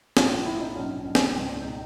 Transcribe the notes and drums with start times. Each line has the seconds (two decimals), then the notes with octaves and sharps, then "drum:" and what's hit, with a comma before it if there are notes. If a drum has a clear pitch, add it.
0.17 A#1 F4, drum: snare
0.31 F4
0.46 A#1 E4
0.61 D#4
0.76 B1 C#4
1.05 B1
1.15 drum: snare
1.35 C#2 C4
1.50 D4
1.64 B2 D#4